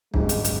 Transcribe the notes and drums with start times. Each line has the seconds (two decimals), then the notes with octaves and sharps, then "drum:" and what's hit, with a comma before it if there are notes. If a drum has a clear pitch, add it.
0.14 G#1 F#2 D3 G3 G#3, drum: kick
0.29 drum: hi-hat
0.45 drum: hi-hat